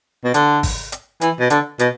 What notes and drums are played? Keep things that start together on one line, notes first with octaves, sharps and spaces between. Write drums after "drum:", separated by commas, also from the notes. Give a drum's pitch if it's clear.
B2
D3, drum: hi-hat
drum: kick G#1, open hi-hat
drum: hi-hat
E3, drum: hi-hat
B2
D3, drum: hi-hat
B2, drum: hi-hat